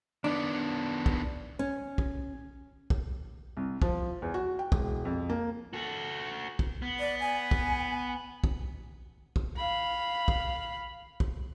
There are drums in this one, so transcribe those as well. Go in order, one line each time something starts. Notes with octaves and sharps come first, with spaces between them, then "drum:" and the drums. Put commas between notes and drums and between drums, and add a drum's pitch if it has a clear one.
D#3 B3 D4
drum: kick
C#4
drum: kick
drum: kick
C2
F3, drum: kick
E2
F#4
G5
E1, drum: kick
F2
A#3
F#4 A4
drum: kick
B3
D5
G#5
drum: kick
drum: kick
drum: kick
F5 B5
drum: kick
drum: kick